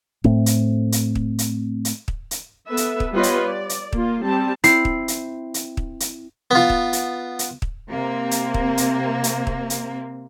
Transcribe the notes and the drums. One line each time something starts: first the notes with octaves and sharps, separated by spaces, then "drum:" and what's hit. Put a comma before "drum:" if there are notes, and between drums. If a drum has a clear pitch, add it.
A2 A3 C4, drum: kick
drum: hi-hat
drum: hi-hat
drum: kick
drum: hi-hat
drum: hi-hat
drum: kick
drum: hi-hat
B3 A4 B4 E5
drum: hi-hat
drum: kick
G3 B3 F4 B4 C#5 D#5
drum: hi-hat
D5
drum: hi-hat
A#3 F4, drum: kick
G3 C4 A5
C4 E4 C7, drum: hi-hat
drum: kick
drum: hi-hat
drum: hi-hat
drum: kick
drum: hi-hat
B3 F4
drum: kick
drum: hi-hat
drum: hi-hat
drum: kick
C3 A#3 C4
drum: hi-hat
drum: kick
drum: hi-hat
drum: hi-hat
drum: kick
drum: hi-hat